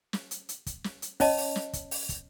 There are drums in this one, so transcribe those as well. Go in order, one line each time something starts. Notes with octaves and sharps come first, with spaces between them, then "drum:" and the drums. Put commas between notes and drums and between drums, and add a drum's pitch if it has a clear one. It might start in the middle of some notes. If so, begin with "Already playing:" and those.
drum: snare
drum: hi-hat
drum: hi-hat
drum: kick, hi-hat
drum: snare
drum: hi-hat
C#4 C#5 D#5 A5, drum: kick, open hi-hat
drum: open hi-hat
drum: snare
drum: kick, hi-hat
drum: open hi-hat
drum: kick, hi-hat